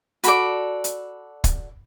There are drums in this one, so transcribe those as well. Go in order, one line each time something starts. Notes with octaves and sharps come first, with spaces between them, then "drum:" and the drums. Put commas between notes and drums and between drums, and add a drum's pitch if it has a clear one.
F#4 A4 D5 B5, drum: hi-hat
drum: hi-hat
drum: kick, hi-hat